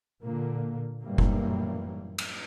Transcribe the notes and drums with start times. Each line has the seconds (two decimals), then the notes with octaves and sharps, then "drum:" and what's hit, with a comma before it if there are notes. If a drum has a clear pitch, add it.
0.22 A#2 D3 A#3
1.02 F#2 A2 E3 G3 A#3
1.18 drum: kick F1
2.18 drum: cymbal